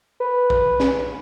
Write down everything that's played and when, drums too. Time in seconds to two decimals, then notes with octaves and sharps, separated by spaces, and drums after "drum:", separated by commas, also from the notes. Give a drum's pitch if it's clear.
0.20 B4
0.50 drum: kick A#1
0.80 drum: snare